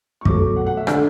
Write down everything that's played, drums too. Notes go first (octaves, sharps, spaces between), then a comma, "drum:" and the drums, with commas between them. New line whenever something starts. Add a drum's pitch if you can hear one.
C#6
B2 F#3 A3 D6, drum: kick
F#5
F#5
E5
D3 A3 D4, drum: rim click